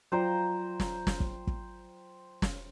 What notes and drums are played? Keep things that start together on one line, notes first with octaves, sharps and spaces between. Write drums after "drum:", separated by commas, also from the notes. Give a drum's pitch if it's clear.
F#3 F4 C5 D5 G5 A#5
drum: snare
drum: snare
drum: kick
drum: kick
drum: snare